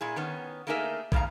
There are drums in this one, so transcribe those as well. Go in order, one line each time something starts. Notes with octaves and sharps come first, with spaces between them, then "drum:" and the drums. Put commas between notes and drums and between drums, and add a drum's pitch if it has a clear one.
A#2 E4 G#4
D#3 B3 C#4
A3 A#3 D#4 G#4 A#4 E5
F2 G#2 C#3 F5 A#5, drum: kick